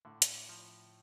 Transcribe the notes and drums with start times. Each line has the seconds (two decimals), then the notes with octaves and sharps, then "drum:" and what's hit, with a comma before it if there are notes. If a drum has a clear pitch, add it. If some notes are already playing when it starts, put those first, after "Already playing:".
0.05 A2 D3
0.22 drum: hi-hat
0.49 F3